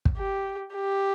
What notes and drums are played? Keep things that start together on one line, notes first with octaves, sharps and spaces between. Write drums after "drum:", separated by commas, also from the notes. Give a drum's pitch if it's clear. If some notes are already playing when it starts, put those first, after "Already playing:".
drum: kick
G4
G4